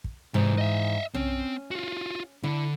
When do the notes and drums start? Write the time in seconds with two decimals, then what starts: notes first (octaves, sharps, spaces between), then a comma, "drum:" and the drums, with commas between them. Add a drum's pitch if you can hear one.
0.04 drum: kick
0.34 G#2 C3 E3 D#4
0.58 D#5 E5
1.14 C4 C#4, drum: tom B1
1.71 F4 F#4
2.43 D3 E4